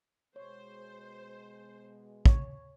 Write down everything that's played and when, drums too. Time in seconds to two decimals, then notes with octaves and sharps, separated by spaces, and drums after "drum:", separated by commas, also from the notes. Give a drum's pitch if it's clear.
0.36 B2 G#3 C5 C#5
2.26 C#5, drum: kick